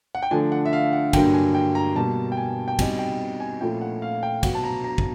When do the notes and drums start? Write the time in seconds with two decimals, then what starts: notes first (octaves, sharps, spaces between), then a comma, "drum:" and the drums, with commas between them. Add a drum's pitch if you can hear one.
0.15 F#5
0.22 G5
0.31 D3 F3 A3 D4 G#5
0.52 F#5
0.65 E5
0.73 F5
0.93 F#5
1.13 G2 D3 F#3 A#3 G5, drum: kick, cymbal
1.34 G#5
1.55 G5
1.75 A#5
1.96 B2 G3 A#3 A5
2.32 G5
2.37 G#5
2.68 G5
2.79 B2 G3 C4 D#4 G#5, drum: kick, cymbal
2.99 G5
3.40 G#5
3.61 A#2 F3 A3 C#4 E4 G5
3.81 F#5
4.02 F5
4.23 G5
4.43 B2 F#3 B3 F#5, drum: kick, cymbal
4.55 A5
4.64 A#5
4.84 A#5
4.98 drum: kick